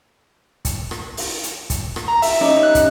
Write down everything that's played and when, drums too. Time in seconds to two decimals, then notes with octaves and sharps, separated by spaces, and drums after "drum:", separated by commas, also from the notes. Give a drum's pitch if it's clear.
0.65 drum: kick, hi-hat
0.91 drum: rim click
1.17 drum: open hi-hat
1.43 drum: hi-hat
1.70 drum: kick, hi-hat
1.96 drum: rim click
2.08 A#5
2.22 E5, drum: open hi-hat
2.41 C#4 D#4 G4
2.63 F#6
2.75 drum: kick, hi-hat